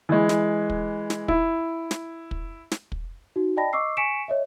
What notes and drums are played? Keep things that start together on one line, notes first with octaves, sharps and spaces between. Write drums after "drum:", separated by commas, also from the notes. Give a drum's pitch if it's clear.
E3 G#3
drum: snare
drum: kick
drum: snare
E4, drum: kick
drum: snare
drum: kick
drum: snare
drum: kick
D#4 F#4
D5 D#5 G5 A5 B5 A#6
D#5 C#6 D6 E6 C7
G#5 C#6 B6 C#7 D7 E7
C#5 D#5 E5